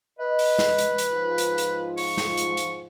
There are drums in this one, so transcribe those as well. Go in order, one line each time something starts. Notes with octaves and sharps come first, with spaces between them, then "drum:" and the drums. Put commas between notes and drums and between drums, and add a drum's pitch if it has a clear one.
B4 D#5
drum: open hi-hat
drum: snare
drum: hi-hat
drum: hi-hat
G#2 F3 F4
drum: hi-hat
drum: hi-hat
C#6, drum: open hi-hat
drum: snare
drum: hi-hat
drum: hi-hat